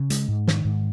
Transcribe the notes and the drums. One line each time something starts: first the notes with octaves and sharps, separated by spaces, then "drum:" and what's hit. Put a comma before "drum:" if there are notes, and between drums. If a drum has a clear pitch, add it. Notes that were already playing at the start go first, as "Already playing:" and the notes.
Already playing: C#3
G#3, drum: hi-hat
G#2
D#3, drum: snare
G#2